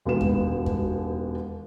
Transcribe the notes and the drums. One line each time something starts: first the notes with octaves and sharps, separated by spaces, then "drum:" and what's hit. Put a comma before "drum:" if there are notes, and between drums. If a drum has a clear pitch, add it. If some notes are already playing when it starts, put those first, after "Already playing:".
E1 D#2 B2 G#3 B4 E7
drum: kick F#2
drum: kick F#2